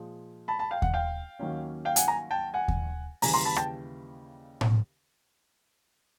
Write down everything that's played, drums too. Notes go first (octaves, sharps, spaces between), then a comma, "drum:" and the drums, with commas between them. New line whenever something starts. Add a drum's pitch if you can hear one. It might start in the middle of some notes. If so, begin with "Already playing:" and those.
Already playing: A#2 F3 G#3
A5 B5
A5 B5
F5 G5
F#5, drum: kick D#2
F5 G5
D#2 D#3 F#3 A#3 C#4
F5 G5
F#5 G#5, drum: hi-hat
G#5 A#5
G5 A5
F#5 G#5
drum: kick D#2
D#2 C#3 E3 G3 G#5 A#5, drum: open hi-hat
A#5 C6
A5 B5
G5 A5, drum: rim click
drum: tom A2